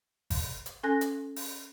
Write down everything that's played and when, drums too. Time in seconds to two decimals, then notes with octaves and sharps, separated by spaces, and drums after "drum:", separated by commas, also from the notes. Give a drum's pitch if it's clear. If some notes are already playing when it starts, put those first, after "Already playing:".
0.30 drum: kick, open hi-hat
0.66 drum: hi-hat
0.83 C#4 A4 G#5 F#6 A#6
1.01 drum: hi-hat
1.36 drum: open hi-hat